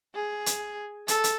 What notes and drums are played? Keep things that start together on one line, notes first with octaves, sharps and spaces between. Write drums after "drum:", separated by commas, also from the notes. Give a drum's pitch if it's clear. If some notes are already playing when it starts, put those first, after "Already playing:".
G#4
drum: hi-hat
A4, drum: hi-hat
drum: hi-hat